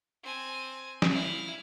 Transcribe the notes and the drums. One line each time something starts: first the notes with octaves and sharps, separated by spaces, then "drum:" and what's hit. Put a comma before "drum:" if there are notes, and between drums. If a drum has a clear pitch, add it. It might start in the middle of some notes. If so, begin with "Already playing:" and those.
C4 G#5
drum: snare
E4 F5